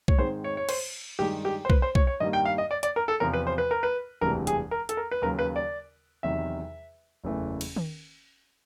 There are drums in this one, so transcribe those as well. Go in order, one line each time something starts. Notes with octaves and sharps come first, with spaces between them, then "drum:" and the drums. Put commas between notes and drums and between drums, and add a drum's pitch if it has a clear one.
C#5, drum: kick B1
G#2 D#3 G#3 C4 C5
C#5
C#5
C5, drum: cymbal
G2 D#3 G#3 G4
G4
C5
B4, drum: kick B1
C5
C#5, drum: kick B1
C#5
G2 D#3 G3 A#3 D#5
G5
F5
D#5
D5
D5, drum: hi-hat
A#4
A4
E2 C3 F3 A#4
B4
C5
B4
A#4
B4
E1 D2 C3 E3 G3 A#4
G#4, drum: hi-hat
A#4
A4, drum: hi-hat
A#4
B4
D#2 C#3 F#3 A#4
B4
D5
E2 C3 D#3 F#3 E5
F#1 E2 C#3 E3 A3
drum: cymbal
drum: tom D#3